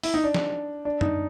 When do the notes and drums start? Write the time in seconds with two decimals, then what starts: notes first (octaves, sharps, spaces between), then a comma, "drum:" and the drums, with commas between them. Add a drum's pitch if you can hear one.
0.03 E4, drum: open hi-hat
0.14 D#4
0.24 D4
0.34 drum: snare
0.85 D4
1.01 D#4, drum: tom F#2